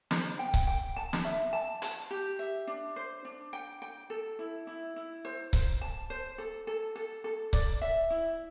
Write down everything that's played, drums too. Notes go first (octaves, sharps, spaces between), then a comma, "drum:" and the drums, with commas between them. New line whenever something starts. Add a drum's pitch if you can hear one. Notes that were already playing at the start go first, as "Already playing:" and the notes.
C5, drum: snare
G5
drum: kick C#1
G5
A5
drum: snare
E5
A5
A5, drum: hi-hat
G4
E5
D4
C5
D4
G5
G5
A4
E4
E4
E4
C5
C5, drum: kick C#1
A5
C5
A4
A4
A4
A4
D5, drum: kick C#1
E5
E4